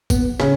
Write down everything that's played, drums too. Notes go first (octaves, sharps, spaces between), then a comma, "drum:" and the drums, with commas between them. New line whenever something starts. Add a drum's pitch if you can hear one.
B3, drum: kick G1, tambourine
C#3, drum: snare